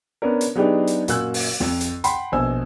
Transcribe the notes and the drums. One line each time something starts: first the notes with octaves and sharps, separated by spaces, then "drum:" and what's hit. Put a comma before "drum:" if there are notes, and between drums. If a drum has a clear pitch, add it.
B3 C#4 D4 A#4
drum: hi-hat
F#3 B3 D4 D#4 G4 G#4
drum: hi-hat
F#2 A#2 F#4 G#5 E6 F#6, drum: hi-hat
drum: open hi-hat
F2, drum: snare
drum: hi-hat
F#5 G5 B5 C6, drum: hi-hat
A#1 B2 C5 G#5 E6